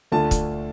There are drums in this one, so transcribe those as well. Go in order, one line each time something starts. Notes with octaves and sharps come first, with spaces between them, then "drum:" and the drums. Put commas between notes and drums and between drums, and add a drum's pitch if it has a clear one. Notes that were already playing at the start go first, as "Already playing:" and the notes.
D2 D3 A3 D4 F4 A5
drum: kick, hi-hat